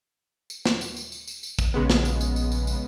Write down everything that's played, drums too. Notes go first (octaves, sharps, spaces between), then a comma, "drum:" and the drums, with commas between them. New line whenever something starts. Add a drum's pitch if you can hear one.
drum: tambourine
drum: snare
drum: tambourine
drum: tambourine
drum: tambourine
drum: tambourine
drum: tambourine
drum: kick, tambourine
A#1 C#3 G#3 B3
drum: snare
drum: tambourine
drum: tambourine
drum: tambourine
drum: tambourine
drum: tambourine